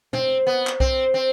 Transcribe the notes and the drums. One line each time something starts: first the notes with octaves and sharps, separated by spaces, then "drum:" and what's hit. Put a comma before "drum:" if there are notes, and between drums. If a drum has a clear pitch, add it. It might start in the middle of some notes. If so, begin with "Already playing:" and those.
C4, drum: tom
B3
drum: clap
C4, drum: kick B1
C4